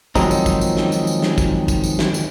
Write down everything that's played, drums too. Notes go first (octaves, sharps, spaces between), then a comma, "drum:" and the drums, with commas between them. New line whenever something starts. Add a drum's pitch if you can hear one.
D#3 F3 F#3 G#3 C4 D#4, drum: kick, tambourine
drum: tambourine
drum: kick, tambourine
drum: tambourine
drum: snare
drum: tambourine
drum: tambourine
drum: snare
drum: kick, tambourine
drum: kick, tambourine
drum: tambourine
drum: snare
drum: tambourine